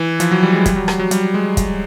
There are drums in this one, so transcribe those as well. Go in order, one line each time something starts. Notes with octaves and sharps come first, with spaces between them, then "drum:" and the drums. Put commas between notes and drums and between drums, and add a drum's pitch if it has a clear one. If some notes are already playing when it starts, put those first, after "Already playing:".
Already playing: E3
F3, drum: hi-hat
F#3
G3
G#3
G3, drum: kick, hi-hat
F#3
F#3, drum: rim click
F#3
G3, drum: hi-hat
G#3
drum: kick, hi-hat